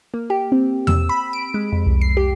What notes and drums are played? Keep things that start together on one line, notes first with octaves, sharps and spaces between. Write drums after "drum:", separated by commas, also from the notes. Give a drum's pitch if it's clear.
A#3
G4
C4
E6, drum: tom E2
B5
D7
G#3
F2
C2
C7
G4